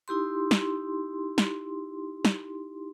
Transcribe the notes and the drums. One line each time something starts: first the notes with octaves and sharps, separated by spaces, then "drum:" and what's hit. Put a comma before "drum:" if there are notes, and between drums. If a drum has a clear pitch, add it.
D#4 E4 G4 C6
drum: snare
drum: snare
drum: snare